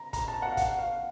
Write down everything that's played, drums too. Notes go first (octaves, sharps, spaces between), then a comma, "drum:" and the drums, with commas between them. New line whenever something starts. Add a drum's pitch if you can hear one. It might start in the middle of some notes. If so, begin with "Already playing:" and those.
Already playing: A#5
A#5, drum: kick, hi-hat
A5
F#5
F5
F#5, drum: kick, hi-hat
F5